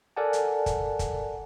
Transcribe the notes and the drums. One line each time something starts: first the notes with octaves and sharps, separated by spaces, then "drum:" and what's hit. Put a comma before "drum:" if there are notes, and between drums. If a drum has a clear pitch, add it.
A4 A#4 D5 F#5 G#5 A5
drum: hi-hat
drum: kick, hi-hat
drum: kick, hi-hat